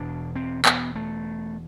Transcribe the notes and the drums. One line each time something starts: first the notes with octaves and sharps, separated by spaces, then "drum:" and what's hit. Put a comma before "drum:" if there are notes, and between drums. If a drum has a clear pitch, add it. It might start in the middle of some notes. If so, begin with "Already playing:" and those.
Already playing: E1 E2 B2 D4
C4
B3, drum: clap
A3